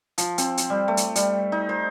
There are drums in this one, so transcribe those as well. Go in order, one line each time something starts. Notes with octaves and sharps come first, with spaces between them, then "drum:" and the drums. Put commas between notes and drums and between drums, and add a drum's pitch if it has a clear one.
F3, drum: hi-hat
C4, drum: hi-hat
drum: hi-hat
G3
A3
drum: hi-hat
G3, drum: hi-hat
D#4
C5